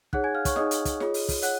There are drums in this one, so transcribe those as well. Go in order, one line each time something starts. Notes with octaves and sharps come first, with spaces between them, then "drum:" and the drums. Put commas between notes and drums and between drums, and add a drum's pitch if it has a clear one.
D#4 G#4 C#5 F#5 F#6, drum: kick
G#5 G#6
F5 F6
C#5 C#6, drum: kick, hi-hat
D#4 G#4 C#5 D#5 D#6, drum: snare
drum: hi-hat
drum: kick, hi-hat
F4 G#4 C#5, drum: snare
drum: open hi-hat
drum: kick, open hi-hat
C#5 F#5 F#6, drum: hi-hat